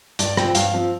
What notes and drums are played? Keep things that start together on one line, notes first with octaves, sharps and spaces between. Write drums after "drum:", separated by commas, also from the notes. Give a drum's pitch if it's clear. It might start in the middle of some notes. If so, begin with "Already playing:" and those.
G2 D5, drum: hi-hat
F3 C4 G5, drum: rim click
G2 F5, drum: hi-hat
F3 C4